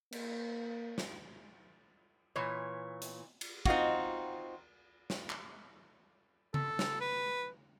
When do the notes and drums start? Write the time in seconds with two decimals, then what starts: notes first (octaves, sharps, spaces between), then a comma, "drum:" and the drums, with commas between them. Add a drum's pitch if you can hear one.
0.12 A#3, drum: cymbal
0.98 drum: snare
2.36 A#2 E3 C#5
3.02 drum: hi-hat
3.41 drum: cymbal
3.66 C4 D#4 F4 F#4, drum: kick
5.10 drum: snare
5.30 drum: clap
6.54 A4, drum: tom C#3
6.79 drum: snare
7.01 B4